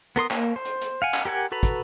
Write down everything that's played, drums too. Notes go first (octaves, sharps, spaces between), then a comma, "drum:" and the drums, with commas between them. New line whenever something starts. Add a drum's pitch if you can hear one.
B3 A#4 C6 D#6, drum: hi-hat
A#3, drum: clap
C5
drum: hi-hat
drum: hi-hat
F5 F#5 G#5
drum: clap
G4 A#4 F#5 G#5
F#4 A4 B4 A#5 B5
drum: kick, hi-hat